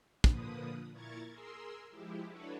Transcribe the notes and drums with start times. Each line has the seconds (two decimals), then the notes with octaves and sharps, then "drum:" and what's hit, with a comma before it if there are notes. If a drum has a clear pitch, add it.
0.24 A#2 D3 F3 A#3 B4 D#6, drum: kick
0.92 A#2 E4 A#4 C#6 G#6 A6
1.31 G#4 A#4 C6 E6
1.90 F3 G#3 E4 G4
2.28 D4 E4 F#4 A4 B4 C#5